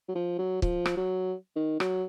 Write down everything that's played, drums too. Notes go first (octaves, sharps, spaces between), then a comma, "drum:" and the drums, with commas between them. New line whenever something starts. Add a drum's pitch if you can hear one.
F#3
F3
F#3
F3, drum: kick
drum: rim click
F#3
D#3
F#3, drum: rim click